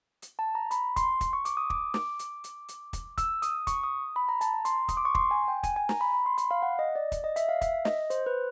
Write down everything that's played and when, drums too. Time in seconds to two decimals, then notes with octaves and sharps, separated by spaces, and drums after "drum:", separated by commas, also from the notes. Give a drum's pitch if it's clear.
0.22 drum: hi-hat
0.39 A5
0.55 A#5
0.71 B5, drum: hi-hat
0.96 C6, drum: kick, hi-hat
1.21 drum: kick, hi-hat
1.33 C#6
1.45 D6, drum: hi-hat
1.57 D#6
1.70 D6, drum: kick
1.94 D6, drum: snare
2.19 drum: hi-hat
2.44 drum: hi-hat
2.68 drum: hi-hat
2.93 drum: kick, hi-hat
3.18 E6, drum: kick, hi-hat
3.42 D#6, drum: hi-hat
3.67 C#6, drum: kick, hi-hat
3.84 D#6
4.16 B5
4.29 A#5
4.41 A5, drum: hi-hat
4.53 A#5
4.65 C6, drum: hi-hat
4.88 D#6, drum: kick, hi-hat
4.97 D6
5.05 C#6
5.15 C6, drum: kick
5.31 G#5
5.48 G5
5.63 G#5, drum: kick, hi-hat
5.76 G#5
5.89 A#5, drum: snare
6.01 B5
6.13 B5
6.26 C6
6.38 B5, drum: hi-hat
6.51 F5
6.62 F#5
6.79 D#5
6.95 D5
7.12 drum: kick, hi-hat
7.24 D#5
7.36 E5, drum: hi-hat
7.49 F5
7.61 E5, drum: kick, hi-hat
7.85 D#5, drum: snare
8.10 C5, drum: hi-hat
8.26 B4